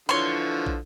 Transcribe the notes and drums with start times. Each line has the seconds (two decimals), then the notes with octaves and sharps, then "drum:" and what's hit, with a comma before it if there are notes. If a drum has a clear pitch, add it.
0.09 D3 E3 F3 C#5 C6
0.66 drum: kick